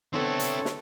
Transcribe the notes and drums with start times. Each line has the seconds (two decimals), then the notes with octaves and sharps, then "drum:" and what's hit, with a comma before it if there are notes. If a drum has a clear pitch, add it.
0.14 D3 B3 C4 E4 A4 C#5
0.39 drum: hi-hat
0.65 drum: snare